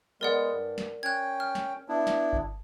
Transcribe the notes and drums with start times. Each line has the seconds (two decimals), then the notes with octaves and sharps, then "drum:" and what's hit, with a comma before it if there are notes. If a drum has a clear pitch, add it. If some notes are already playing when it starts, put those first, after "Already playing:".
0.21 G#3 B3 A#4 D5 F#5
0.52 G2
0.78 drum: snare
1.03 C#4 G5 F#6 G#6
1.40 F6
1.55 drum: snare
1.89 B3 D4 E4
2.07 drum: snare
2.33 drum: kick G1